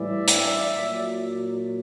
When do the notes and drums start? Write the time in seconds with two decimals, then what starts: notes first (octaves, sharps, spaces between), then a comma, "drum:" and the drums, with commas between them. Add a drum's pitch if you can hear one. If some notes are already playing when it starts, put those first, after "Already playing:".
Already playing: A2 E3 G3 D5 E5
0.28 drum: hi-hat
0.76 A#2 F#3